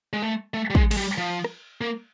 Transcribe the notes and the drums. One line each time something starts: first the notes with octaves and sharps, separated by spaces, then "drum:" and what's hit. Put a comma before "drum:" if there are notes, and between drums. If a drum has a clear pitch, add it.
G#3
A3
A3
G3
G#3, drum: kick
G#3, drum: cymbal
G3
F3
drum: rim click
A#3